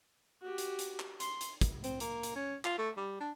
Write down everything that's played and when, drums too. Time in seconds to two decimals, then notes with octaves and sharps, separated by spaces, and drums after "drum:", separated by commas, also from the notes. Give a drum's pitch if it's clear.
0.41 F#4 G4
0.58 drum: hi-hat
0.79 drum: hi-hat
0.99 drum: clap
1.20 C6, drum: hi-hat
1.41 drum: hi-hat
1.61 drum: kick, hi-hat
1.84 C4, drum: hi-hat
2.00 A#3, drum: hi-hat
2.23 drum: hi-hat
2.36 C#4
2.65 F4, drum: clap
2.78 A3
2.97 G3
3.20 D4